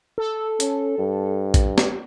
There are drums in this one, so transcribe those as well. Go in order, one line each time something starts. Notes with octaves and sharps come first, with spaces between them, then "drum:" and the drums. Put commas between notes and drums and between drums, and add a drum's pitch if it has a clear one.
A4
C#4, drum: hi-hat
G2
drum: kick A#1, hi-hat
drum: snare